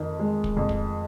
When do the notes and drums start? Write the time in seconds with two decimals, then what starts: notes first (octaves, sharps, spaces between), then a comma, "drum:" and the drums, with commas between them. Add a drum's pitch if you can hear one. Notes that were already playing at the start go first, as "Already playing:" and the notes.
Already playing: F2 D#3
0.19 G#3
0.44 drum: kick
0.57 F2
0.69 drum: kick